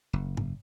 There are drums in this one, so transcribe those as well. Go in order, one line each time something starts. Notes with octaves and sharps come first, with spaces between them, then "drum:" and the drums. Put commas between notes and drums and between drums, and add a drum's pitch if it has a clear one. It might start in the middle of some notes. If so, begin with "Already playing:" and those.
F#1
drum: tom G#2